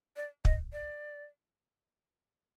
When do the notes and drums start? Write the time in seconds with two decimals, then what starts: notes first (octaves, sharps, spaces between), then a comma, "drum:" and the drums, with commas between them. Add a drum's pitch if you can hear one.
0.16 D5
0.45 D#5, drum: kick
0.73 D5